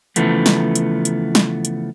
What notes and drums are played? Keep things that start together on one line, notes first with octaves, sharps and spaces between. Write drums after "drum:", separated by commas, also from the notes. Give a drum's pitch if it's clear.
C#3 E3 F3 A3 B3, drum: hi-hat
drum: snare
drum: hi-hat
drum: hi-hat
drum: snare
drum: hi-hat